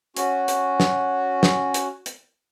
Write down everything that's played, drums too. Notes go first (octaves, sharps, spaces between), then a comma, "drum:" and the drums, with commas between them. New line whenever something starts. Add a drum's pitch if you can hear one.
C#4 F#4, drum: hi-hat
drum: hi-hat
drum: snare
drum: snare
drum: hi-hat
drum: hi-hat